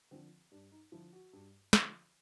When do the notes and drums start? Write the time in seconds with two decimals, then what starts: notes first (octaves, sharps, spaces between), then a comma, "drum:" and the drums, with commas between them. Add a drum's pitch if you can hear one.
0.11 D3 F3 C4
0.52 G2 D4
0.72 D#4
0.92 D3 F3 E4
1.13 F#4
1.33 G2
1.73 D3 F3, drum: snare